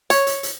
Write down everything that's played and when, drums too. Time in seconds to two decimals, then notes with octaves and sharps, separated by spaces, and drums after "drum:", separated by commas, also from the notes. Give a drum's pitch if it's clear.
0.10 C#5, drum: hi-hat
0.27 drum: hi-hat
0.43 drum: hi-hat